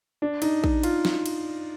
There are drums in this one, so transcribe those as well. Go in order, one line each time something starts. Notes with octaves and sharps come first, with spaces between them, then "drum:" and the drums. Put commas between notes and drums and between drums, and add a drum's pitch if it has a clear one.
D4
D#4, drum: cymbal
D#4, drum: kick
F4, drum: cymbal
drum: snare
drum: cymbal